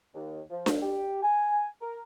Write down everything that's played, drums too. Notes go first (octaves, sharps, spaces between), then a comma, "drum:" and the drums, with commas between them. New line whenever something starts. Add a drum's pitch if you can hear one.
D#2
F3
drum: snare D4
G4
G#5
A#4